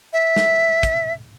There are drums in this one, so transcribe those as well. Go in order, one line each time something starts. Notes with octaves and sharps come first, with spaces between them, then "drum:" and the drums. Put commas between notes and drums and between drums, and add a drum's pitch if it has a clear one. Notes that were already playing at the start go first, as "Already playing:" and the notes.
E5
drum: snare
drum: kick, hi-hat